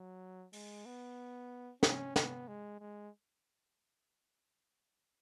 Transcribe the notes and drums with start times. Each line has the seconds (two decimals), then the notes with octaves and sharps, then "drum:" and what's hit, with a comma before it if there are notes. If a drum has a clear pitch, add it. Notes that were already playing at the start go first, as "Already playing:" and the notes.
Already playing: F#3
0.53 G#3, drum: open hi-hat
0.86 B3
1.83 C#4, drum: snare
2.16 B3, drum: snare
2.48 G#3
2.80 G#3